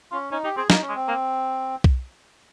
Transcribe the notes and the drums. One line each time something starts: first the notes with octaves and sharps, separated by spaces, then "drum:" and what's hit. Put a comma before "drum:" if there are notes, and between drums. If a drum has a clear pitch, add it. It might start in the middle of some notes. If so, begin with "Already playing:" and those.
C#4 F4
C#4 D#4
D#4 G4
C4 G#4
A#3 D#4, drum: snare
C#4
G#3
C4
A#3
drum: kick B1